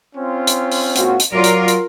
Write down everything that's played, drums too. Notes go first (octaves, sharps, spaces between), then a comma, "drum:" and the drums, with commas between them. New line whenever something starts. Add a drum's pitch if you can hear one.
C4 C#4 F4
drum: hi-hat
drum: open hi-hat
G#2 A#3 F#4, drum: hi-hat
drum: hi-hat
F#3 F4 A#4 D5
drum: hi-hat
drum: hi-hat